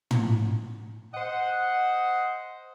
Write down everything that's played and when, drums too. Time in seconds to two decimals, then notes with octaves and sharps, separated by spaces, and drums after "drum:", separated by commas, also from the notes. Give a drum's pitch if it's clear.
0.11 drum: tom
1.14 C5 D#5 F#5